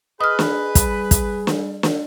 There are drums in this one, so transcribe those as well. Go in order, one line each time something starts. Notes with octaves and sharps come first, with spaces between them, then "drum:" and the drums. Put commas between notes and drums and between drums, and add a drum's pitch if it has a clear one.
G#4 B4 D#5 D#6 F6
drum: snare
G3, drum: kick, hi-hat
drum: kick, hi-hat
drum: snare
drum: snare